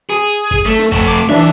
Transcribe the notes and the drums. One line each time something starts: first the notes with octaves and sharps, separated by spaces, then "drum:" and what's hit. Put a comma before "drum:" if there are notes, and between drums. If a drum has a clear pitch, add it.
G#4
drum: kick G1
A3, drum: hi-hat
drum: snare
F2 A3, drum: kick G1, hi-hat
D6
B1 E3 D4 E5